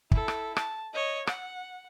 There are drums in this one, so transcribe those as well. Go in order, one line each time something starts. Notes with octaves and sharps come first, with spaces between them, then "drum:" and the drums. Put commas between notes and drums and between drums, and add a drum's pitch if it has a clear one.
E4 A4, drum: kick
drum: rim click
A5, drum: rim click
C#5 D#5
F#5, drum: rim click